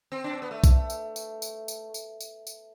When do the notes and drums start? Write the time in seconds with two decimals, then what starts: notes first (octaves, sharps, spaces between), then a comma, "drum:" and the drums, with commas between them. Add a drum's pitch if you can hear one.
0.12 C4
0.24 D4
0.33 C4
0.42 B3
0.51 A3
0.64 drum: kick B1, tambourine
0.90 drum: tambourine
1.16 drum: tambourine
1.42 drum: tambourine
1.68 drum: tambourine
1.94 drum: tambourine
2.21 drum: tambourine
2.47 drum: tambourine